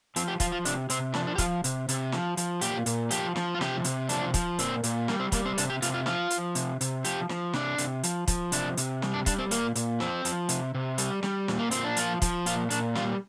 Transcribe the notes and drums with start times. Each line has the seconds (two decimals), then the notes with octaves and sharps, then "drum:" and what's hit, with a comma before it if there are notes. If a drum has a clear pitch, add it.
0.16 F3 C4, drum: hi-hat
0.28 G4
0.40 F3 F4, drum: kick, hi-hat
0.52 F4
0.65 C3 D4, drum: hi-hat
0.90 C3 C4, drum: hi-hat
1.14 F3 D4, drum: snare
1.27 D4
1.35 G4
1.38 F3 F4, drum: kick, hi-hat
1.64 C3, drum: hi-hat
1.89 C3, drum: hi-hat
2.12 F3, drum: snare
2.37 F3, drum: hi-hat
2.61 A#2 G4, drum: hi-hat
2.86 A#2, drum: hi-hat
3.11 F3 G4, drum: hi-hat
3.36 F3, drum: snare
3.55 F4
3.61 C3 G4, drum: snare
3.84 C3, drum: hi-hat
4.09 F3 D4, drum: hi-hat
4.34 F3, drum: kick, hi-hat
4.59 A#2 C4, drum: hi-hat
4.84 A#2, drum: hi-hat
5.08 G3 A#3, drum: snare
5.20 C4
5.32 G3 A#3, drum: kick, hi-hat
5.45 C4
5.58 C3 D4, drum: hi-hat
5.70 G4
5.82 C3 F4, drum: hi-hat
5.94 F4
6.06 F3 F4, drum: snare
6.30 F3, drum: hi-hat
6.55 C3, drum: hi-hat
6.81 C3, drum: hi-hat
7.04 F3 G4, drum: hi-hat
7.29 F3, drum: snare
7.53 C3 D4, drum: snare
7.78 C3, drum: hi-hat
8.03 F3, drum: hi-hat
8.28 F3, drum: kick, hi-hat
8.52 C3 D4, drum: hi-hat
8.77 C3, drum: hi-hat
9.02 G3, drum: snare
9.14 D4
9.26 G3 D4, drum: kick, hi-hat
9.39 C4
9.51 A#2 A#3, drum: hi-hat
9.75 A#2, drum: hi-hat
10.00 F3 C4, drum: snare
10.25 F3, drum: hi-hat
10.49 C3, drum: hi-hat
10.75 C3
10.98 G3, drum: hi-hat
11.23 G3, drum: snare
11.48 A#2, drum: snare
11.59 A#3
11.71 A#2 C4, drum: hi-hat
11.84 D4
11.96 F3 F4, drum: hi-hat
12.22 F3, drum: kick, hi-hat
12.46 A#2 F4, drum: hi-hat
12.70 A#2 D4, drum: hi-hat
12.95 G3 F4, drum: snare